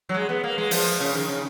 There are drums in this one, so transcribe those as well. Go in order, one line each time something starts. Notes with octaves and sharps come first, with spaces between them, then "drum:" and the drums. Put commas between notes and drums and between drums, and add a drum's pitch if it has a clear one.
F#3
G#3
B3
A#3
G#3
F3, drum: open hi-hat
C#3
D#3
C#3